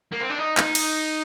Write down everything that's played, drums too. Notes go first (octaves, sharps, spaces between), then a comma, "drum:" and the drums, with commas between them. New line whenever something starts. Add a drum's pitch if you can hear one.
A#3
C4
D4
D#4
D#4, drum: clap
drum: cymbal